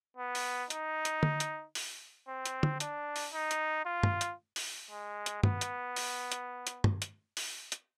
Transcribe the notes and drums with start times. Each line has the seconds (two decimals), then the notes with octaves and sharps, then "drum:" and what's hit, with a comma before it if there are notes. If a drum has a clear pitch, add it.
0.17 B3
0.35 drum: open hi-hat
0.70 D#4, drum: hi-hat
1.05 drum: hi-hat
1.23 drum: tom D3
1.40 drum: hi-hat
1.75 drum: open hi-hat
2.28 C4
2.46 drum: hi-hat
2.63 drum: tom
2.80 D4, drum: hi-hat
3.16 drum: open hi-hat
3.34 D#4
3.51 drum: hi-hat
3.85 F4
4.03 drum: tom
4.21 drum: hi-hat
4.56 drum: open hi-hat
4.91 G#3
5.26 drum: hi-hat
5.43 B3, drum: tom
5.61 drum: hi-hat
5.96 drum: open hi-hat
6.32 drum: hi-hat
6.67 drum: hi-hat
6.84 drum: tom
7.02 drum: hi-hat
7.37 drum: open hi-hat
7.72 drum: hi-hat